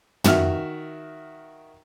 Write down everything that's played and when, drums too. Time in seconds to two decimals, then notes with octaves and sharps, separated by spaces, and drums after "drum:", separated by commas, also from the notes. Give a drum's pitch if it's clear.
0.24 D#3 F#4 E5 F6, drum: tom